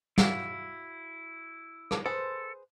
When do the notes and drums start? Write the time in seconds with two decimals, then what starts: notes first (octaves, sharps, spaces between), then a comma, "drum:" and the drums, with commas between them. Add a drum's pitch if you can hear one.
0.18 E4 F#4 F5, drum: snare
1.91 drum: rim click
2.06 G#4 A4 B4 C5